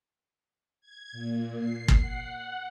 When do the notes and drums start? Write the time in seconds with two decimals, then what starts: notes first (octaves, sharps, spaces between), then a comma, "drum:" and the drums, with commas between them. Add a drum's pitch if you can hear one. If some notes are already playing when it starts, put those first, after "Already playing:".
0.81 G#6
1.12 A#2
1.55 C7
1.88 drum: kick
1.99 F#5